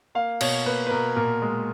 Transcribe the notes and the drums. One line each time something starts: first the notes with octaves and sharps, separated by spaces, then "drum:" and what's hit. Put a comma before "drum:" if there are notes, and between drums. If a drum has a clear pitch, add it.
A#3 F5
B2 C#5, drum: cymbal
A#3 B4
B4
B2 A#4
A#2 A#4
G#3